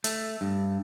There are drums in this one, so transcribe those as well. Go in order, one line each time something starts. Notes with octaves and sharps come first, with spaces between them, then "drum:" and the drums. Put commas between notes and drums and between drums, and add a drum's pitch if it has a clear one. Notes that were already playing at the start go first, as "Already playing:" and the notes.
A3, drum: hi-hat
G2